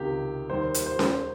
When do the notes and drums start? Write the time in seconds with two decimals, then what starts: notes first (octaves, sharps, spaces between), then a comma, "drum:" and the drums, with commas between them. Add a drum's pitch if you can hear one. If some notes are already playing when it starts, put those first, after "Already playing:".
Already playing: C#2 C3 D#3 G4
0.50 D#2 D#3 G3 C5
0.74 drum: hi-hat
0.86 C5
0.99 drum: snare C#4